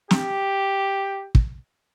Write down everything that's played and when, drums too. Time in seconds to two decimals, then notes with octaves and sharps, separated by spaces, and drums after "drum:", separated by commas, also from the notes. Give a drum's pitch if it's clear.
0.11 G4, drum: snare
1.35 drum: kick